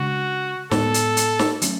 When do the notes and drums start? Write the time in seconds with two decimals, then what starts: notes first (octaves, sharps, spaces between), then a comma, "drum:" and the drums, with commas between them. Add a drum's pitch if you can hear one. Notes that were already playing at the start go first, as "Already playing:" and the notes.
Already playing: C#3 G#3 D4 F#4
0.71 A2 G#3 B3 A4, drum: snare
0.94 drum: hi-hat
1.17 drum: hi-hat
1.39 drum: snare
1.62 F#3 A3 C#4, drum: hi-hat